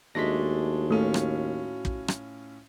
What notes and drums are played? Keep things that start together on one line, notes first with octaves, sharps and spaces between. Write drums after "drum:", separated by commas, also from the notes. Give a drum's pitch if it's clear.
D#2 G#3 A3 D4 F#4 A#6 B6
A2 A3 C#4 F4 A4
drum: rim click
drum: kick
drum: rim click